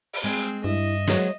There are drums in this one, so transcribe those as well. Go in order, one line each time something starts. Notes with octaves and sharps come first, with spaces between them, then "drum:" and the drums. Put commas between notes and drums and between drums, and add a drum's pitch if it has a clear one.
drum: open hi-hat
G#3 C4 G#4
G2 E4 D#5 E5
F#3 G#3 B3 C#5, drum: snare